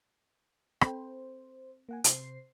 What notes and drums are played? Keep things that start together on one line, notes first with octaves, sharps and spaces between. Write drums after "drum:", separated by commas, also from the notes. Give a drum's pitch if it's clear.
C4 A4 C5 G5, drum: rim click
A#3 F#5 G#5
C3 C5 C7, drum: hi-hat